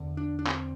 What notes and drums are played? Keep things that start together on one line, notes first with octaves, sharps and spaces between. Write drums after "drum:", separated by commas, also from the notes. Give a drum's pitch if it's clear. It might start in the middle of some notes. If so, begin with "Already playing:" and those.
Already playing: E2 D3
D4
D4
C4, drum: clap